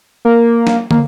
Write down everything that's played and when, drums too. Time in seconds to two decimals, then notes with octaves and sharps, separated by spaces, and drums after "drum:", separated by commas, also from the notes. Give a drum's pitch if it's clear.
0.25 A#3
0.67 drum: snare
0.91 A#3, drum: tom